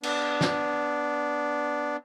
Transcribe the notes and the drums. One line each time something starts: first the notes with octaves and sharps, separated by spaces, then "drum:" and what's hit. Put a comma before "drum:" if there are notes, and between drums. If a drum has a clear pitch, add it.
B3 D4, drum: cymbal
drum: snare